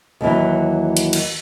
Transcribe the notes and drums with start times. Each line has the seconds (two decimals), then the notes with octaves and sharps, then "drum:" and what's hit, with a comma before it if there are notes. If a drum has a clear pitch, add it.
0.21 D#2 D3 E3 F#3
0.97 drum: hi-hat
1.13 drum: cymbal